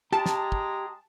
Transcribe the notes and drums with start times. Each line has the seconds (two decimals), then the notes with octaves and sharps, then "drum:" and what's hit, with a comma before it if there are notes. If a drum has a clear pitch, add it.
0.12 G#3 G4 G#4 A5 A#5
0.26 drum: snare
0.52 drum: kick